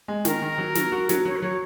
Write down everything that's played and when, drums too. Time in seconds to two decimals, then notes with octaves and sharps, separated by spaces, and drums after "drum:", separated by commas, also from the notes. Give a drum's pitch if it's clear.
0.08 G#3
0.25 D#3 A#4, drum: snare
0.42 D#3
0.58 F#3
0.75 F#3, drum: snare
0.92 F#4
1.09 F#3, drum: snare
1.25 F#3 C#5
1.36 A#4
1.42 F#3 C#5